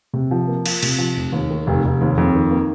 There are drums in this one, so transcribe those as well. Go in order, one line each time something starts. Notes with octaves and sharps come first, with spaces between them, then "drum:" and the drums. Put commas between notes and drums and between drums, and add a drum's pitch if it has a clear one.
C3
F3
A#3
F4, drum: cymbal
C3, drum: cymbal
F3
F1
D#2
D#3
F1
F1
D#2
F2
D#3
A#3